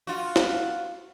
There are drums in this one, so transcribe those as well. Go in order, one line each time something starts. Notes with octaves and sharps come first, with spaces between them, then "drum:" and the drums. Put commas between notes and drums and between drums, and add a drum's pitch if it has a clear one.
F4 F#4
drum: snare